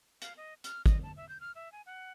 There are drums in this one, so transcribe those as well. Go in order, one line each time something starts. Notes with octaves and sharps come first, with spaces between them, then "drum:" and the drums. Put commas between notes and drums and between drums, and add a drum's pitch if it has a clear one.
F5, drum: hi-hat
D#5
F6, drum: hi-hat
D#5, drum: kick, hi-hat
A5
E5
G6
F6
E5
G#5
F#5